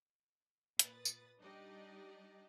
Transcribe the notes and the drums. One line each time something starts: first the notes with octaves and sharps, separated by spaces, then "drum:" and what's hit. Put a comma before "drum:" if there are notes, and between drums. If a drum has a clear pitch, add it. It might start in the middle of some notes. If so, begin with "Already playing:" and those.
A#2 B4 D#6 A6, drum: hi-hat
drum: tambourine
G3 D4 D#4 G4 D5 D#5